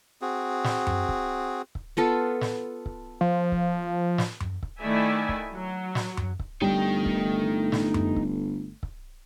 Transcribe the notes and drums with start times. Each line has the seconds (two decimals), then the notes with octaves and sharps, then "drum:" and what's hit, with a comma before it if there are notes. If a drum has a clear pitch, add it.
0.21 C4 F#4 G#4
0.64 drum: snare
0.87 drum: tom F#2
1.09 drum: kick C#1
1.75 drum: kick C#1
1.97 B3 F4 A4
2.41 drum: snare
2.86 drum: kick C#1
3.21 F3
3.52 drum: kick C#1
4.18 drum: snare
4.40 drum: tom F#2
4.63 drum: kick C#1
4.81 D#3 A3 E4 D5 E5 G#5
5.29 drum: kick C#1
5.52 F#3
5.95 drum: snare
6.17 drum: tom F#2
6.39 drum: kick C#1
6.62 G1 G3 A3 D#4 G5
7.06 drum: kick C#1
7.72 drum: snare
7.94 drum: tom F#2
8.16 drum: kick C#1
8.83 drum: kick C#1